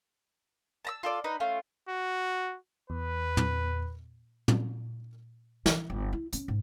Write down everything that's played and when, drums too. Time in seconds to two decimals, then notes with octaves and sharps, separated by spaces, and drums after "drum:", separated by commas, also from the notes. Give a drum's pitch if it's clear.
0.85 A5 A#5 E6
1.03 F4 A4 D5
1.24 D#4 B4
1.40 A3 C#4 F4
1.89 F#4
2.90 E2 B4
3.37 drum: tom
4.48 drum: tom
5.66 E3, drum: snare
5.90 G1
6.13 E4
6.33 C#4, drum: hi-hat
6.48 G#2